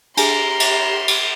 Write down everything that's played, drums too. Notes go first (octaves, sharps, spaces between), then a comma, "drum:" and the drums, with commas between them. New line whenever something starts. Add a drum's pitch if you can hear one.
D4 G4 G#4 A#5 C6, drum: cymbal
drum: cymbal
drum: cymbal